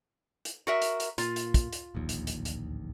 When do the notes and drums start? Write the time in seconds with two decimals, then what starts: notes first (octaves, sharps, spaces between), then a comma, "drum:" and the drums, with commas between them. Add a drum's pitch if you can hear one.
0.45 drum: hi-hat
0.67 F#4 A#4 E5
0.82 drum: hi-hat
1.00 drum: hi-hat
1.18 A#2 F4, drum: hi-hat
1.36 drum: hi-hat
1.54 drum: kick, hi-hat
1.73 drum: hi-hat
1.95 D1 A#1 D#2
2.09 drum: hi-hat
2.27 drum: hi-hat
2.45 drum: hi-hat